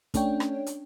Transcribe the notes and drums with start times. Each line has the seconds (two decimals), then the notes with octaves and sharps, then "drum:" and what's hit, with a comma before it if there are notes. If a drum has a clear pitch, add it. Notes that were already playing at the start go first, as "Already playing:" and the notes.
0.14 A3 C#4 D4 C#5 G5, drum: kick, hi-hat
0.40 drum: rim click
0.66 drum: hi-hat